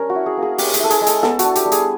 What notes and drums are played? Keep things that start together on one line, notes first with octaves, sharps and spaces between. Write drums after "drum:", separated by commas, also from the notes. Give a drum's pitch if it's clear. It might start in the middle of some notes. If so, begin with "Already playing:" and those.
Already playing: G3 C#4 D4 A#4
F#4
E4
G#4
A#3
G#4
C#4 G4, drum: open hi-hat
G#4, drum: hi-hat
E4 A4
G#4, drum: hi-hat
G#3
A4, drum: hi-hat
B3 A4, drum: snare
F#4, drum: hi-hat
D4
G4, drum: hi-hat
G3
G#4, drum: hi-hat